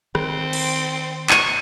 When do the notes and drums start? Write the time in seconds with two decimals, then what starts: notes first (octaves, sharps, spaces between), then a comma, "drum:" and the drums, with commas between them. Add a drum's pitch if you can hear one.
0.15 D#3 C4, drum: rim click
0.53 drum: cymbal
1.30 C#6 D#7, drum: clap